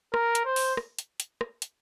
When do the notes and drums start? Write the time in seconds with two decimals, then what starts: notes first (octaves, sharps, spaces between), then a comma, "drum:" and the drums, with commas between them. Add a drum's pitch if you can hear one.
0.14 A#4, drum: rim click
0.35 drum: hi-hat
0.45 C5
0.56 drum: open hi-hat
0.77 drum: rim click
0.99 drum: hi-hat
1.20 drum: hi-hat
1.41 drum: rim click
1.62 drum: hi-hat